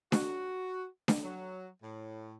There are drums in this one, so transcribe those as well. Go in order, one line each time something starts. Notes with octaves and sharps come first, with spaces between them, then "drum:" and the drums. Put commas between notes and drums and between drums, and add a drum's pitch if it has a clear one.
F#4, drum: snare D4
drum: snare D4
F#3
A2